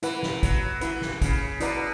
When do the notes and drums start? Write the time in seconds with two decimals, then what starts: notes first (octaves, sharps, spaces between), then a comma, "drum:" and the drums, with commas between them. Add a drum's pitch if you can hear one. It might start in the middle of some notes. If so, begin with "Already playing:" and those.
0.03 E3 E4 B4 F#5 B5, drum: hi-hat
0.23 drum: snare
0.43 F#3, drum: kick, hi-hat
0.81 E3 E4 B4 F#5 B5, drum: hi-hat
1.02 drum: snare
1.22 C#3, drum: kick, hi-hat
1.60 B2 E4 B4 D5 F#5 A#5, drum: hi-hat